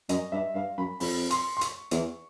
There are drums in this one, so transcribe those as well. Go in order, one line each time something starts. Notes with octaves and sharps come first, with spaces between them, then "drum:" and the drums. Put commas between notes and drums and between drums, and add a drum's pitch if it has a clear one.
F#2 D#5, drum: hi-hat
G2 E5
G2 F5
F#2 B5
F2 B5, drum: open hi-hat
C6, drum: hi-hat
C6
C#6, drum: hi-hat
E2, drum: hi-hat